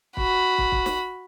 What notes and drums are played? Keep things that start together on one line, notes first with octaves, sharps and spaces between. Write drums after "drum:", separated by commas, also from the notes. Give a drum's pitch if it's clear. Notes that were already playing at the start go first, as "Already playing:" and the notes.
F#4 B5, drum: kick
drum: kick
drum: kick
drum: snare